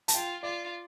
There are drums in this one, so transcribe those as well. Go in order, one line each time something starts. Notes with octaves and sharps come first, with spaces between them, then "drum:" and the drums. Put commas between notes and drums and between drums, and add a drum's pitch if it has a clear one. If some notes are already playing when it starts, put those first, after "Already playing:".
A5, drum: hi-hat
F4 G5
F4 D5